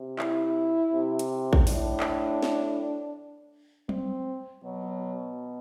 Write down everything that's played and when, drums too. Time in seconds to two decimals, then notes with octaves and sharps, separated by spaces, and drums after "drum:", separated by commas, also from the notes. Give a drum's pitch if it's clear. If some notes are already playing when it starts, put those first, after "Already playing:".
Already playing: C3
0.19 E4, drum: clap
0.92 C3
1.19 drum: hi-hat
1.53 drum: kick A1
1.67 A2 D4, drum: open hi-hat
2.00 drum: clap
2.43 drum: snare
3.89 C4, drum: tom F#3
4.64 B2 F#3